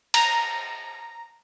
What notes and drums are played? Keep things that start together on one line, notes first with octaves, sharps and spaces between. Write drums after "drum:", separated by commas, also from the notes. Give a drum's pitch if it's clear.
A#5, drum: cymbal